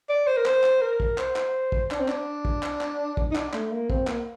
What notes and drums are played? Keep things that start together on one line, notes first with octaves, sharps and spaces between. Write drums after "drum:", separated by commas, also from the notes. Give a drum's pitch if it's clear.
D5
C5
A#4
C5, drum: clap
drum: clap
A#4
drum: kick
C5, drum: clap
drum: clap
drum: kick
D4, drum: clap
C4
D4, drum: clap
drum: kick
drum: clap
drum: clap
drum: kick
D#4
D4, drum: clap
A3, drum: clap
A#3
C4, drum: kick
A#3, drum: clap